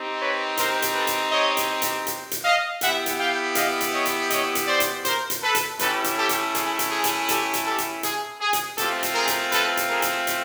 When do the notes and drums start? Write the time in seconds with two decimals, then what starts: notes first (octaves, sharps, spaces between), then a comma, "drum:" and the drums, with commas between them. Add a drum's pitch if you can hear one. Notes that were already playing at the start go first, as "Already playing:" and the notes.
Already playing: C4 D#4 G4
0.20 B4 C#5
0.57 A#4 C5, drum: hi-hat
0.82 drum: hi-hat
0.94 A4 B4
1.07 drum: hi-hat
1.32 C#5 D#5
1.57 drum: hi-hat
1.82 drum: hi-hat
2.07 drum: hi-hat
2.31 drum: hi-hat
2.43 D#5 F5
2.81 B3 E4 G4 E5 F#5, drum: hi-hat
3.06 drum: hi-hat
3.18 F5 G5
3.55 D#5 F5, drum: hi-hat
3.81 drum: hi-hat
3.93 C#5 D#5
4.05 drum: hi-hat
4.30 C#5 D#5, drum: hi-hat
4.55 drum: hi-hat
4.68 C5 D5
4.80 drum: hi-hat
5.05 A#4 C5, drum: hi-hat
5.30 drum: hi-hat
5.43 A4 B4
5.55 drum: hi-hat
5.79 A3 C#4 E4 G4 A4 B4, drum: hi-hat
6.04 drum: hi-hat
6.17 G4 A4
6.29 drum: hi-hat
6.55 G#4, drum: hi-hat
6.79 drum: hi-hat
6.91 G#4
7.04 drum: hi-hat
7.29 G4 A4, drum: hi-hat
7.54 drum: hi-hat
7.66 G4 A4
7.78 drum: hi-hat
8.03 G#4, drum: hi-hat
8.40 G#4
8.53 drum: hi-hat
8.78 A3 C4 F4 G4 A4, drum: hi-hat
9.03 drum: hi-hat
9.15 G#4 A#4
9.28 drum: hi-hat
9.52 A4 B4, drum: hi-hat
9.77 drum: hi-hat
9.90 G#4 A#4
10.02 drum: hi-hat
10.27 drum: hi-hat